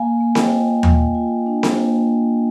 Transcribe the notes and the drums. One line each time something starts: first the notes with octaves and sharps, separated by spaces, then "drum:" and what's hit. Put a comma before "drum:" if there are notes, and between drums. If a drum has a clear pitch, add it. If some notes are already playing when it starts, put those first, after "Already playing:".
Already playing: A#3 F5 G#5
A#3
D#5 G5, drum: snare C4
F4
A#3, drum: tom D#2
F4
D4
drum: snare C4
A#3